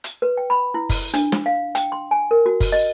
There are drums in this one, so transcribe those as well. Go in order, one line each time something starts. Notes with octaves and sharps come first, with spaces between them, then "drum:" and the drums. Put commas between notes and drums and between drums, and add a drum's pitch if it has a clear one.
drum: hi-hat
B4
G5
B5
E4
drum: kick, open hi-hat
D4, drum: hi-hat
drum: snare
F5
G5, drum: hi-hat
C6
G#5
A#4
F#4
drum: kick, open hi-hat
D#5